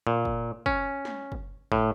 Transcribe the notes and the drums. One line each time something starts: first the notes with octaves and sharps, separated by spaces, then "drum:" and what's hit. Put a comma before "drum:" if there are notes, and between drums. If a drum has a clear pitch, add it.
A#2
drum: kick
C#4, drum: kick
drum: snare
drum: kick
A2, drum: kick